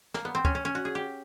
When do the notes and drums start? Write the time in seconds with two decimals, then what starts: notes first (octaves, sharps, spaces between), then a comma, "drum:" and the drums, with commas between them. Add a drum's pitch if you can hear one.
0.14 A#3, drum: snare
0.25 B3
0.35 C4
0.45 C#4, drum: kick
0.55 C#4
0.65 C#4
0.75 F#4
0.85 G#4
0.95 G4